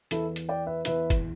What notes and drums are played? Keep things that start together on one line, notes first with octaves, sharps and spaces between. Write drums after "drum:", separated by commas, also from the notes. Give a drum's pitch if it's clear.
E2 E3 E4 A4, drum: hi-hat
drum: hi-hat
D5 G5
B4 E5
E2 E3 B4 E5, drum: hi-hat
drum: kick, hi-hat